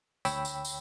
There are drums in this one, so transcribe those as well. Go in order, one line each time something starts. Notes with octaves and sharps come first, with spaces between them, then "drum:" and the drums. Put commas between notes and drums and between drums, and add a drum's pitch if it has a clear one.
D2 C#5 G5 B5 E6, drum: tambourine
drum: tambourine
drum: tambourine